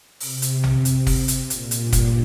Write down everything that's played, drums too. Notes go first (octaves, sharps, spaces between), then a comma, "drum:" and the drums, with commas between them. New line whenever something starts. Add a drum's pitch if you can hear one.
C3, drum: open hi-hat
drum: hi-hat
drum: tom A#1
drum: hi-hat
drum: kick, open hi-hat
drum: hi-hat
A#2, drum: hi-hat
drum: hi-hat
G2
drum: kick, hi-hat